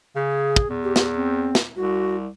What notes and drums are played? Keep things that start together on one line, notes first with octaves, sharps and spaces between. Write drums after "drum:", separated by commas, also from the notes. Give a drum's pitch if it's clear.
C#3 G#4
drum: kick
E2
G4
drum: snare
C4
drum: snare
C2 F#4